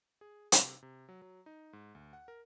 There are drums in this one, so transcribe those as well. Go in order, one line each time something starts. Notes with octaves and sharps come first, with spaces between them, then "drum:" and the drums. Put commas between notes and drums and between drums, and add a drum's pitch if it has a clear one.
G#4
C3, drum: hi-hat
C3
F#3
F#3
D#4
G#2
D2
F#5
A#4